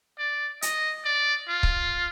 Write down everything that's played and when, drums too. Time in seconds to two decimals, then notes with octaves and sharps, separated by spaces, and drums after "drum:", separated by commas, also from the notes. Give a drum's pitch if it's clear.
0.19 D5
0.62 D#5, drum: hi-hat
1.05 D5
1.48 F4
1.63 drum: kick C#1